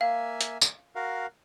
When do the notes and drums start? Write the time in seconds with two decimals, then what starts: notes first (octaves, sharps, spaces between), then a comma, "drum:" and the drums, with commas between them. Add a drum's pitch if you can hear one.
0.01 A#3 E5 F5 G#5
0.41 drum: hi-hat
0.61 drum: tambourine
0.95 F#4 A#4 F5